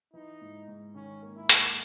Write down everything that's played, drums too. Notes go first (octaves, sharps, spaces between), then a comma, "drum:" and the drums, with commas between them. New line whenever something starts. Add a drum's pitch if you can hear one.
E3 D#4
G#2
G#2
D#3 C#4
A#3
E4
A#3, drum: hi-hat